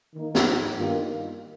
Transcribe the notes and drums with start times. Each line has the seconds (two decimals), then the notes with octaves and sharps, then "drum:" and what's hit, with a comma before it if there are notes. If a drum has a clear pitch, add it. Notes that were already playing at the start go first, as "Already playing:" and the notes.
0.14 D#3 A#3 D#4
0.35 drum: snare
0.75 G2 D#3 A#3 F4